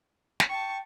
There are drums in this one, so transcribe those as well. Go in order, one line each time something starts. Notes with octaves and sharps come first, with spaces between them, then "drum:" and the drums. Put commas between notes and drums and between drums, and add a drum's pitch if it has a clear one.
drum: snare
G5 A5 C#6